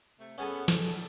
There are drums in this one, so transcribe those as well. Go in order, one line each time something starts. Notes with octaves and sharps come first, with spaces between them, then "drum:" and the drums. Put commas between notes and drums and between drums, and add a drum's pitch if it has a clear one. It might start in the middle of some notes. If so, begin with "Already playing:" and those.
C3 A3
B3 C#4 G#4 A4
A4 A5, drum: snare
D2 D3